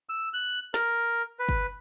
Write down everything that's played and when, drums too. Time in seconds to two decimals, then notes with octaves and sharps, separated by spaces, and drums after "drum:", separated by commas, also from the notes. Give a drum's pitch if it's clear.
0.09 E6
0.34 F#6
0.74 A#4, drum: snare
1.39 B4
1.49 drum: kick